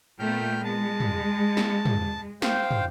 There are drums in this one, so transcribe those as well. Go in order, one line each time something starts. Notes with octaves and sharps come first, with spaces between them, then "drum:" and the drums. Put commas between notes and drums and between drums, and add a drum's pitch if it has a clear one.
A#2 A3 B3 G5 F6 G6
G#3 A5
drum: tom
drum: snare
drum: tom
C5 F5 G5, drum: snare
drum: tom